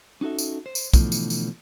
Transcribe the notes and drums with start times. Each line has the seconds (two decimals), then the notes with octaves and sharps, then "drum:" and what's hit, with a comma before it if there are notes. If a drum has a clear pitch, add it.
0.21 C#4 D#4 F#4 A4 E5
0.38 drum: tambourine
0.66 C5
0.75 drum: tambourine
0.93 B2 D3 E3 F3 A3, drum: kick, tambourine
1.12 drum: tambourine
1.30 drum: tambourine